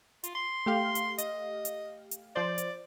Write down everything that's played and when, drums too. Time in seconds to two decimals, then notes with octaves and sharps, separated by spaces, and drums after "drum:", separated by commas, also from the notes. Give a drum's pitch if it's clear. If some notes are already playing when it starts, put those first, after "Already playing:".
0.24 F4, drum: hi-hat
0.35 C6
0.66 A3 G4 F5
0.95 drum: hi-hat
1.18 D#5, drum: hi-hat
1.65 drum: hi-hat
2.11 drum: hi-hat
2.36 F3 C5 D5
2.58 drum: hi-hat